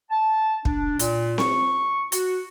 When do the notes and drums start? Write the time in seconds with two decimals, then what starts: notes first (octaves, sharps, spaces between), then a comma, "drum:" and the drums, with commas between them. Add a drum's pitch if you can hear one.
0.11 A5
0.65 D4, drum: kick
0.99 A#2, drum: hi-hat
1.38 C#6, drum: snare C4
2.12 F#4, drum: hi-hat